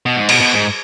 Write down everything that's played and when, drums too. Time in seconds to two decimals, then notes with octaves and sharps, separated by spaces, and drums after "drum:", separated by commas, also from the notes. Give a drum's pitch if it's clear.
0.06 B2
0.17 G#2
0.29 B2, drum: cymbal
0.41 B2
0.53 G#2